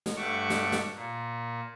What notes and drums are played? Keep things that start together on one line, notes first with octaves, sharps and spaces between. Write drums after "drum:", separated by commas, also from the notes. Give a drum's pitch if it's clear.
drum: snare
G2 A3 F#5 A5 C#6 D6
drum: snare
drum: snare
A#2